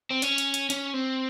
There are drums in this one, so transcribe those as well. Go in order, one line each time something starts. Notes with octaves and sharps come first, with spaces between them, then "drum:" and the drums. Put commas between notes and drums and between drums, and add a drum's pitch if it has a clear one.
C4
C#4, drum: hi-hat
drum: hi-hat
drum: hi-hat
C#4, drum: hi-hat
C4